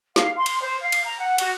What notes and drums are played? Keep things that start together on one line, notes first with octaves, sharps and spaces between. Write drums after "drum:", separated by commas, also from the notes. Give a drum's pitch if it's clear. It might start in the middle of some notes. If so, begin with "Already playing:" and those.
F5, drum: snare
C6
drum: cymbal
C5
F5
drum: cymbal
A#5
F#5
F#4, drum: cymbal